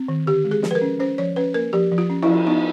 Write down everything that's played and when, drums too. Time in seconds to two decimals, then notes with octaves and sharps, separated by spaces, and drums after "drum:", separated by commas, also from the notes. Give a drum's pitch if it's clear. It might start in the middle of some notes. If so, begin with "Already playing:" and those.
Already playing: C4
0.08 D#3
0.26 D3 G4
0.45 G#3
0.51 G#4
0.63 F3, drum: snare
0.71 B4
0.75 A#4
0.81 C#4
0.99 C#4 C5
1.18 F3 C#5
1.36 C#4 B4
1.54 A#3 A#4
1.73 F3 G4
1.92 F3
1.98 F4
2.10 C#4
2.23 E4, drum: cymbal
2.28 F3
2.47 B3 D#4